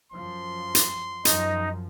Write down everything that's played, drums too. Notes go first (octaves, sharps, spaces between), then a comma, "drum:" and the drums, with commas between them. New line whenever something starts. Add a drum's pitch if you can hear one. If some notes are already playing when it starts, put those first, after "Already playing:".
F#2 F3 C6
drum: hi-hat
F#2 F3 D#4 D#5, drum: hi-hat